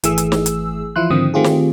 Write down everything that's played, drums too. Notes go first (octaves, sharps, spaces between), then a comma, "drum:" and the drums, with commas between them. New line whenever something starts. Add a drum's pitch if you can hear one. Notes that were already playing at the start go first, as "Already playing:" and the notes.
G#1 E3 A3 G#4 E6, drum: hi-hat
drum: hi-hat
drum: snare
drum: hi-hat
E3 F3 E4 F4 C6 F#6
G#2 D3 D#3 F3 C4 D#6
D#3 A3 C4 F4 G4 G#4
drum: snare